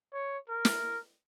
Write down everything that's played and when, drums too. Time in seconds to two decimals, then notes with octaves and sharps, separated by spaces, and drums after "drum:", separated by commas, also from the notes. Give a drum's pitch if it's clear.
0.13 C#5
0.49 A#4
0.65 drum: snare